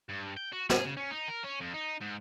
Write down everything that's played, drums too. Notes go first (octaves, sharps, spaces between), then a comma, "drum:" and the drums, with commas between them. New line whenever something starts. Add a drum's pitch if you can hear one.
G2
G5
F#4
G#4, drum: snare
C#3
C#4
D#4
A#4
C#4
F2
D#4
G#2